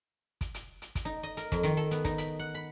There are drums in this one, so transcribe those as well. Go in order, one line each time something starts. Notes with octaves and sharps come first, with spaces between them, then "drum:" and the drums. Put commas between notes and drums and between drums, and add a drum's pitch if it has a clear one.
drum: kick, hi-hat
drum: hi-hat
drum: hi-hat
drum: kick, hi-hat
D#4
D#5
A#4, drum: hi-hat
F2, drum: kick, hi-hat
D#3, drum: hi-hat
A4
B3, drum: hi-hat
D#4, drum: kick, hi-hat
B5, drum: hi-hat
F#5
B5